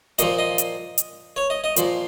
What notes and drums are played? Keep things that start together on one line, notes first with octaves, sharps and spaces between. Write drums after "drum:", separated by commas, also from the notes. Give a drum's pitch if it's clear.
A#2 F3 D#5, drum: hi-hat
D#5
drum: hi-hat
drum: hi-hat
C#5
D#5
D#5
A#2 F3, drum: hi-hat